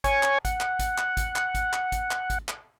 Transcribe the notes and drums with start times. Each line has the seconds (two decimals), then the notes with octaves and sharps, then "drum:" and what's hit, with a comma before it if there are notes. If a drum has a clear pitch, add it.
0.04 C#5 G#5 C#6, drum: kick G#1, hi-hat
0.23 drum: clap
0.45 F#5, drum: kick G#1, hi-hat
0.61 drum: clap
0.79 drum: kick G#1, hi-hat
0.98 drum: clap
1.17 drum: kick G#1, hi-hat
1.36 drum: clap
1.55 drum: kick G#1, hi-hat
1.73 drum: clap
1.92 drum: kick G#1, hi-hat
2.11 drum: clap
2.30 drum: kick G#1, hi-hat
2.49 drum: clap